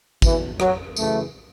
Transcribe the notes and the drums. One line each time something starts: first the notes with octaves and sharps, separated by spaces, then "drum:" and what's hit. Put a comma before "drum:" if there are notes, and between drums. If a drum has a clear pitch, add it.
E2 B2 E3, drum: kick, tambourine
F#3, drum: rim click
F#2 C#3 E3 A3, drum: tambourine